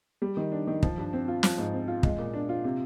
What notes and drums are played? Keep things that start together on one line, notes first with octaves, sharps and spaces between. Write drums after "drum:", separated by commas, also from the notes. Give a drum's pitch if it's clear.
G3
D#3
D4
D#3
F3, drum: kick
G2
C4
F4
F3, drum: snare
G#2
C4
F4
G#3, drum: kick
A#2
D4
F4
C3